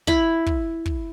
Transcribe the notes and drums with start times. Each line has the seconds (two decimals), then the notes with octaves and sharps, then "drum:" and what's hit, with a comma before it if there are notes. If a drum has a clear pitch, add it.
0.07 E4 B5, drum: kick
0.46 drum: kick
0.86 drum: kick